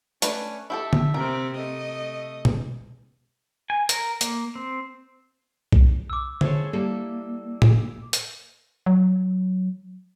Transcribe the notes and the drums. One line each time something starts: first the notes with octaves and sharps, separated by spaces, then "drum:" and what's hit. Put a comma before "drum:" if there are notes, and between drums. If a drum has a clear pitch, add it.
A3 C#4 D4 B4, drum: hi-hat
E4 G4 A4 E5
drum: tom D3
C3 C4 A#4
A3 D#5
drum: tom B2
G#5
A#4, drum: hi-hat
A#3, drum: hi-hat
C4
drum: kick B1
D6 E6
A3 G#4 C5 C#5, drum: tom D3
G3 A#3 E4 A4
drum: tom A2
drum: hi-hat
F#3